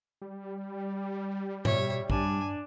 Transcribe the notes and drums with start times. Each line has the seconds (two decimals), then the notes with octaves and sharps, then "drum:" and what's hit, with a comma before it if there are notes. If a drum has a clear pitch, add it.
0.22 G3
1.65 B2 C#5 E5, drum: tom G#2
2.10 G2 D4 G#5, drum: kick